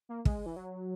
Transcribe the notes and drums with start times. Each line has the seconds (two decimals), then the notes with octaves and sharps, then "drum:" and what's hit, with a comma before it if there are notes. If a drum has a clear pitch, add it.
0.09 A#3
0.25 G#3, drum: kick
0.46 E3
0.56 F#3